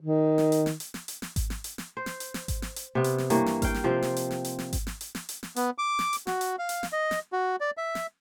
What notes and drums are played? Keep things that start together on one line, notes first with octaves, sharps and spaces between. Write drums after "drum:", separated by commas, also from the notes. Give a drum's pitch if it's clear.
D#3
drum: snare
drum: hi-hat
drum: snare
drum: hi-hat
drum: snare
drum: hi-hat
drum: snare
drum: kick G#1, hi-hat
drum: snare
drum: hi-hat
drum: snare
C5
drum: snare
drum: hi-hat
drum: snare
drum: kick G#1, hi-hat
drum: snare
drum: hi-hat
C3 B3
drum: hi-hat
drum: snare
G2 E3 A#3 C#5, drum: hi-hat
drum: snare
F5 G5, drum: kick G#1, hi-hat
drum: snare
C3 F3 C4 C5
drum: snare
drum: hi-hat
drum: snare
drum: hi-hat
drum: snare
drum: kick G#1, hi-hat
drum: snare
drum: hi-hat
drum: snare
drum: hi-hat
drum: snare
B3, drum: hi-hat
D6
drum: snare
drum: hi-hat
F#4, drum: snare
drum: hi-hat
F5
drum: hi-hat
drum: snare
D#5
drum: snare
F#4
D5
E5
drum: snare